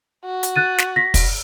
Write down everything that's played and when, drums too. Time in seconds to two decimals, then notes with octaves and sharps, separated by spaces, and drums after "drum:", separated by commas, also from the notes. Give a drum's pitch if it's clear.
0.25 F#4
0.43 drum: hi-hat
0.56 F#6 A6 D#7
0.78 drum: snare
0.96 A#6 B6
1.14 drum: kick, open hi-hat